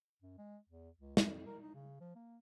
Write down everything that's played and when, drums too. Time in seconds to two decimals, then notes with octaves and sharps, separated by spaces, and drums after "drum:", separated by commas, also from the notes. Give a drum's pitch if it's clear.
0.22 F#2
0.38 G#3
0.69 E2
0.99 C#2
1.17 F2, drum: snare
1.47 A#4
1.62 D#4
1.74 C#3
2.01 F3
2.15 A#3